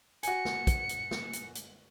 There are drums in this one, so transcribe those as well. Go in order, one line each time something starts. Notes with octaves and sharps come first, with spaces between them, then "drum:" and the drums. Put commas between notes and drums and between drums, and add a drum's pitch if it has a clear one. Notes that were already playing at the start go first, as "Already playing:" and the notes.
F#4 G#5 C#7, drum: hi-hat
drum: snare
drum: kick, hi-hat
drum: hi-hat
drum: snare
drum: hi-hat
drum: hi-hat